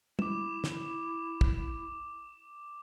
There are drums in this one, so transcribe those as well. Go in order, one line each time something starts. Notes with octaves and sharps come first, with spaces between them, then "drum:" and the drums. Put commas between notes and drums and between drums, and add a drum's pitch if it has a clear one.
E4 D6 E7, drum: tom
drum: snare
drum: kick